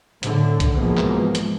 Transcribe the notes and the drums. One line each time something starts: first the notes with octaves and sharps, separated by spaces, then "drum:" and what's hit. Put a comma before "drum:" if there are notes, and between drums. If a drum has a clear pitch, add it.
A2 D3, drum: hi-hat
drum: kick B1, hi-hat
G#2 B2 E3 F3 G#3 A#3
drum: clap
drum: hi-hat